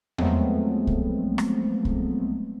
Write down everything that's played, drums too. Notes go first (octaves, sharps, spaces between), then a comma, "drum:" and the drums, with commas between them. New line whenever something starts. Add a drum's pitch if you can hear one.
F3 F#3 G#3 A3 B3 C4, drum: tom E2
drum: kick
drum: rim click
drum: kick